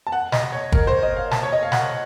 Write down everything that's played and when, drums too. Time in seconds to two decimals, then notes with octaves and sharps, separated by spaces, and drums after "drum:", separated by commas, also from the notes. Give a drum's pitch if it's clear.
0.07 A5
0.12 F#5
0.32 D#5, drum: snare
0.52 C#5
0.72 A#4, drum: kick
0.87 C5
1.03 D#5
1.17 F5
1.31 A5, drum: snare
1.43 C#5
1.53 D#5
1.63 F5
1.72 F#5, drum: snare